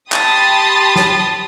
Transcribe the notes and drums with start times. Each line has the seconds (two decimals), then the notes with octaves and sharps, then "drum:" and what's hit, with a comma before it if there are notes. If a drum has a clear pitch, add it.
0.12 G4 A5 B5 C6 D#6 A6, drum: clap
0.96 drum: snare